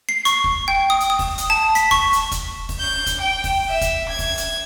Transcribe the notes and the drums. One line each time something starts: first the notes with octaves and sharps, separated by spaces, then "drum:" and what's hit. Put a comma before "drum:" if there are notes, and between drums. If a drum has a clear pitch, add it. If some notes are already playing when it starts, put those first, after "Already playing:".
C7
C#6, drum: hi-hat
drum: kick
G5
D#6
drum: hi-hat
D#6
drum: kick, open hi-hat
drum: hi-hat
A5
B6, drum: hi-hat
C#6, drum: kick, open hi-hat
drum: hi-hat
drum: kick, hi-hat
drum: kick, open hi-hat
G6
drum: kick, hi-hat
G5
drum: kick, open hi-hat
E5
drum: kick, hi-hat
G#6
drum: kick, open hi-hat
drum: hi-hat